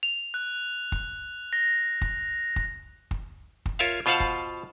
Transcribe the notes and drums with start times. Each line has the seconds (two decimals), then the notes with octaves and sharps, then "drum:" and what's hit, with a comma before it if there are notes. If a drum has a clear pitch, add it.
0.03 F7
0.34 F#6
0.92 drum: kick
1.53 A#6
2.01 drum: kick
2.56 drum: kick
3.11 drum: kick
3.66 drum: kick
3.79 F4 A#4 C#5 E5 F5
4.06 B2 F4 C5 F5 F#5 A5
4.20 drum: kick